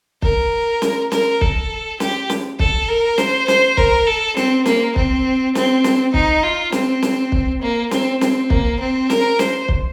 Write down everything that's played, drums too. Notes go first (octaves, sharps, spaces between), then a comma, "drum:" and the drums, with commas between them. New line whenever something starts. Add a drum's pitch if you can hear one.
A#4, drum: kick
drum: snare
A#4, drum: snare
A4, drum: kick
G4, drum: snare
drum: snare
A4, drum: kick
A#4
C5, drum: snare
C5, drum: snare
A#4, drum: kick
A4
C4, drum: snare
A#3, drum: snare
C4, drum: kick
C4, drum: snare
drum: snare
D#4, drum: kick
F4
C4, drum: snare
drum: snare
drum: kick
A#3
C4, drum: snare
C4, drum: snare
A#3, drum: kick
C4
A#4, drum: snare
C5, drum: snare
drum: kick